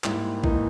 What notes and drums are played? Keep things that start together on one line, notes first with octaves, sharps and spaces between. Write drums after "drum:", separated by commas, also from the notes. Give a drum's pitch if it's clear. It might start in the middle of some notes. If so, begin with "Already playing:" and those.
G#2 G3 A#3 E4, drum: clap
G#2 E3 A#3 D#4, drum: kick A#1